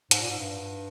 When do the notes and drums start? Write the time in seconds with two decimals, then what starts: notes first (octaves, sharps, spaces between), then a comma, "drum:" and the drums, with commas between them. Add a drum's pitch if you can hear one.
0.11 G#2, drum: hi-hat
0.21 A#2
0.30 G#2
0.40 G2